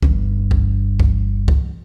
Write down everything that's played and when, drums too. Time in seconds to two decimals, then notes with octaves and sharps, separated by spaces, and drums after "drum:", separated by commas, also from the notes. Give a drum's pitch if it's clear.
0.03 G1 G2, drum: kick C2
0.51 drum: kick C2
1.00 drum: kick C2
1.48 drum: kick C2